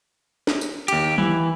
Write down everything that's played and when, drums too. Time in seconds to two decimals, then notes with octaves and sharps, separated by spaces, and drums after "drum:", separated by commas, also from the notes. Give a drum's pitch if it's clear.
0.47 drum: snare
0.61 drum: tambourine
0.88 D#2 G4, drum: hi-hat
1.18 E3, drum: tom